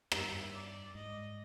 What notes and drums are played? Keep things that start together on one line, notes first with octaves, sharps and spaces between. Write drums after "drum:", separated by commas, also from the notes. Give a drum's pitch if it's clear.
G2 E5, drum: rim click
D5
G#2 D#5